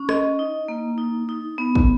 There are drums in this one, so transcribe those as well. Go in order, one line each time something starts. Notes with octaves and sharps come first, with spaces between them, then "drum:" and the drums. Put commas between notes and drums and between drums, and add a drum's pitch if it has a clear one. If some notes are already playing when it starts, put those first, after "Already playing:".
Already playing: C#4
D#5, drum: rim click
D#4
A#3
D#4
D#4
B3
drum: kick